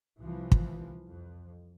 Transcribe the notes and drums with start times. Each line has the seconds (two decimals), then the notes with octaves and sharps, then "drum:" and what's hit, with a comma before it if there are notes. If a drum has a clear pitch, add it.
0.20 C2 E3 F3
0.52 drum: kick
1.08 F2